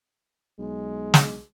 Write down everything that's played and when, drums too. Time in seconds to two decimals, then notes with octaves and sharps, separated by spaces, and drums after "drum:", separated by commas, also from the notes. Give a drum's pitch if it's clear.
0.59 B1 G#3
1.14 drum: snare